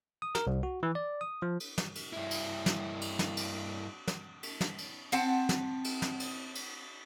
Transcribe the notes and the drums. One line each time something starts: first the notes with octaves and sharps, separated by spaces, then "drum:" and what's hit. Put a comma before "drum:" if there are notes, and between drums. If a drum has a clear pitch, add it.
D#6
A#4, drum: snare
C2
F#4
E3
D5
D#6
F3
drum: cymbal
drum: snare
drum: cymbal
G2 E4
drum: cymbal
drum: snare
drum: cymbal
drum: snare
drum: cymbal
drum: snare
drum: cymbal
drum: snare
drum: cymbal
C4 F#5 A5, drum: cymbal
drum: snare
drum: cymbal
drum: snare
drum: cymbal
drum: cymbal